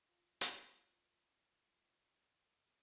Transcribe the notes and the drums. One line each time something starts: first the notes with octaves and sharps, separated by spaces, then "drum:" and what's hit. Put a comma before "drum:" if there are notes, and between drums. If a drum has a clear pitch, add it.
F4 A#6
drum: hi-hat